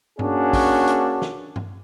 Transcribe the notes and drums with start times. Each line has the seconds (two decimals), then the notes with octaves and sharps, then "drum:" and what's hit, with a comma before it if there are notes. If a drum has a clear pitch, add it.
0.19 A#3 C#4 D4 F#4 G#4, drum: tom G2
0.53 drum: kick, open hi-hat
0.87 drum: hi-hat
1.22 drum: snare
1.56 drum: tom G2